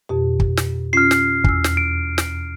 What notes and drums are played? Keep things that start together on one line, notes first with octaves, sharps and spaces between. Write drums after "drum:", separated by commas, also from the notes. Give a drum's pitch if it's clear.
F2 B2 G4
drum: kick
drum: snare
C#4 F4 F6 C7
drum: snare
E2 E6, drum: kick
drum: snare
D7
drum: snare